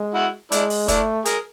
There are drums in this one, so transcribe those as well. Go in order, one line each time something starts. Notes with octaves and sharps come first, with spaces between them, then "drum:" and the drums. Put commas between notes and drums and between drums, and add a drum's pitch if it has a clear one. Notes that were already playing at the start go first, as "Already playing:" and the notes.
Already playing: G#3
E4 F#4
G#3 D4 E4, drum: hi-hat
drum: open hi-hat
A3 D4 E4, drum: kick, hi-hat
G#4 A#4, drum: hi-hat